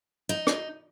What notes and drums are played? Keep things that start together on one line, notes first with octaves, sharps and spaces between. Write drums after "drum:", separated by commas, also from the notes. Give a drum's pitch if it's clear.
D#4
drum: rim click